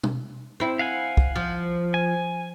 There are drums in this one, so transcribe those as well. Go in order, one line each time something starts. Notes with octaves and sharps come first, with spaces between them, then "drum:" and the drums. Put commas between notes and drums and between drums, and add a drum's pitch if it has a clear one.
drum: tom
C4 E4
F5 F#5 G#5
drum: kick
F3
G#5